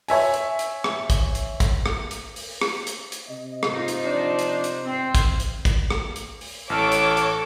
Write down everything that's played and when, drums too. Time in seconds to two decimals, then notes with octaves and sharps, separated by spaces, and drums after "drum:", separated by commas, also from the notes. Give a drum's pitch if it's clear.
0.08 C#5 E5 G#5, drum: open hi-hat
0.34 drum: hi-hat
0.59 drum: hi-hat
0.84 drum: rim click
1.10 drum: kick, hi-hat
1.35 drum: hi-hat
1.60 drum: kick, hi-hat
1.86 drum: rim click
2.11 drum: hi-hat
2.36 drum: open hi-hat
2.62 drum: rim click
2.87 drum: hi-hat
3.12 drum: hi-hat
3.29 C3 D#5
3.63 drum: rim click
3.73 D#4 F4 C5
3.88 drum: hi-hat
4.05 F3 D4
4.39 drum: hi-hat
4.64 drum: hi-hat
4.85 C4 C5
5.15 drum: kick, hi-hat
5.40 drum: hi-hat
5.65 drum: kick, hi-hat
5.90 drum: rim click
6.16 drum: hi-hat
6.41 drum: open hi-hat
6.70 A1 A4 C#5 D6 F6
6.92 drum: hi-hat
7.17 drum: hi-hat